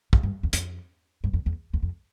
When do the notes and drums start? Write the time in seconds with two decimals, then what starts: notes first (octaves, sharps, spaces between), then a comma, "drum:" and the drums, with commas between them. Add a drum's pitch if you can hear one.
0.13 F2, drum: kick
0.23 G2
0.43 E2
0.53 F2, drum: hi-hat
1.24 G2
1.33 F2
1.46 E2
1.73 E2
1.82 F2